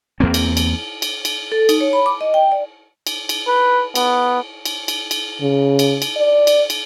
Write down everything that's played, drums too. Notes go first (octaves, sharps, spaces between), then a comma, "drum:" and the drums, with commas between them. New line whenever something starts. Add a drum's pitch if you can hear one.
E2 A#3 C4
drum: cymbal
drum: cymbal
drum: cymbal
drum: cymbal
A4
D#4, drum: cymbal
C#5
B5
D6
D#5
G5
D5
drum: cymbal
drum: cymbal
B4
B3, drum: cymbal
drum: cymbal
drum: cymbal
drum: cymbal
C#3
drum: cymbal
drum: cymbal
D5
drum: cymbal
drum: cymbal